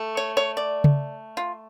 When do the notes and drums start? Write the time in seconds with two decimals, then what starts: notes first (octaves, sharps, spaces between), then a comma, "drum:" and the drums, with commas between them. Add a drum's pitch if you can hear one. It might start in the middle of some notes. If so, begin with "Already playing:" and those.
Already playing: A3
0.17 C#5
0.37 C#5
0.57 D5
0.84 drum: tom C#3
1.37 F4